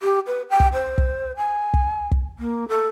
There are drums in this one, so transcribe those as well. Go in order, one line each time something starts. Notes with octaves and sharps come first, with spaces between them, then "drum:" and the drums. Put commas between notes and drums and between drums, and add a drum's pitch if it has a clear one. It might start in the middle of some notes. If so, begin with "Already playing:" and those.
G4
B4
G5
drum: kick
C5
drum: kick
G#5
drum: kick
drum: kick
A#3
A4